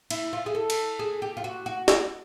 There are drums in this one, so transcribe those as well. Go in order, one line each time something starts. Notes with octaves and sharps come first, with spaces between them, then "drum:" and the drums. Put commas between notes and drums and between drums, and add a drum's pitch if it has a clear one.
E4, drum: cymbal
F4
G#4
A4
drum: cymbal
G#4
G4
F4
F#4
F#4
drum: snare